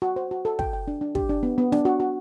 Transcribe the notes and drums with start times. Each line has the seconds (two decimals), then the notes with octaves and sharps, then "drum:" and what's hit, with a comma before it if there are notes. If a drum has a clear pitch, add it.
0.02 F#4
0.16 C5
0.31 F#4
0.45 A4
0.59 G5, drum: kick
0.73 G5
0.88 D4
1.01 D4
1.15 G4, drum: kick
1.29 D4
1.43 B3
1.58 B3
1.72 D4, drum: snare
1.85 F#4
2.00 F#4